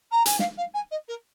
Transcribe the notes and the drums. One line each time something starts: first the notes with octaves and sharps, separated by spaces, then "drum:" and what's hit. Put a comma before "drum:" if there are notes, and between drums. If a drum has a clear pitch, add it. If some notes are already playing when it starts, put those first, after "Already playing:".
A#5
G#5, drum: hi-hat
F5, drum: snare
F5
G#5
D#5
A#4